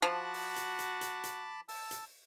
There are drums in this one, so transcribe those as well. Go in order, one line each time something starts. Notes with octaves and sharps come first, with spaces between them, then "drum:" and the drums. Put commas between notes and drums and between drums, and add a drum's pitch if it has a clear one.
F3 F#4 A5 B5 D6
drum: open hi-hat
drum: hi-hat
drum: hi-hat
drum: hi-hat
drum: hi-hat
A5 E6, drum: open hi-hat
drum: hi-hat